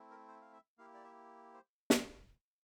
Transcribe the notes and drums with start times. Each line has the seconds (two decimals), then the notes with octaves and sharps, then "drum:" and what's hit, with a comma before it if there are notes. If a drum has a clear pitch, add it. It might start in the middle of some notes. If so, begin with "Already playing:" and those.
Already playing: A3 C4 E4
0.11 A#4
0.28 C5
0.41 F5
0.53 E5
0.78 A#3 E4 G4 F5
0.94 D5
1.04 E5
1.54 C5
1.90 drum: snare